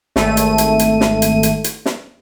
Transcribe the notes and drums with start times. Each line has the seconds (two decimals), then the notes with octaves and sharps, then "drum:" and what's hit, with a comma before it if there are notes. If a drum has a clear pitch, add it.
0.16 G#1 A3 D#7, drum: snare
0.37 drum: hi-hat
0.58 drum: hi-hat
0.79 drum: hi-hat
1.01 drum: snare
1.22 drum: hi-hat
1.43 drum: hi-hat
1.64 drum: hi-hat
1.86 drum: snare